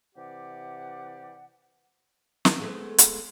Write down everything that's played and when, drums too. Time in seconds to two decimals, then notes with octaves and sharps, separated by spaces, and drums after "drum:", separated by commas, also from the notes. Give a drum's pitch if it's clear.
0.16 C3 E3 G4 D5 F#5
2.45 drum: snare
2.60 G#3 A3 B3
2.98 drum: hi-hat